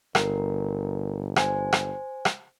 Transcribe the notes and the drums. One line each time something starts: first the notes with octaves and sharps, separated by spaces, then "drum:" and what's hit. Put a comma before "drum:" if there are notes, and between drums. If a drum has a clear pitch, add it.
G1 A#4, drum: rim click
C5 G#5, drum: rim click
drum: rim click
drum: rim click